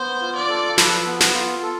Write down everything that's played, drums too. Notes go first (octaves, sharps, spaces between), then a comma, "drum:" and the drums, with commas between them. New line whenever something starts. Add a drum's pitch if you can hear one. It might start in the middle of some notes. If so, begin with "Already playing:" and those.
Already playing: B3 C5
F4
D5
A4
F3 B4, drum: snare
B3
A4, drum: snare
F4
A4